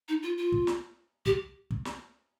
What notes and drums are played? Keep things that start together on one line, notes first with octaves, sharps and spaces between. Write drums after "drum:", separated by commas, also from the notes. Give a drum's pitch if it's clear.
D#4
F4
F4
drum: kick
drum: snare
G4, drum: kick
drum: kick
drum: snare